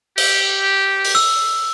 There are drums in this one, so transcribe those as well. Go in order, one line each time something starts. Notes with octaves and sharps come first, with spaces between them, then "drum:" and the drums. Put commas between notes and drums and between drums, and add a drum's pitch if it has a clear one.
G4, drum: cymbal
drum: open hi-hat
E6